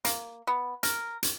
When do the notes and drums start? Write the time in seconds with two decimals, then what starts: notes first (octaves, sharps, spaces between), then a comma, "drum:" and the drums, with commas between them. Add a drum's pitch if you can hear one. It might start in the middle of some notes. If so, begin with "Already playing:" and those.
0.05 A#3, drum: hi-hat
0.47 B3
0.83 A#4, drum: hi-hat
1.23 drum: hi-hat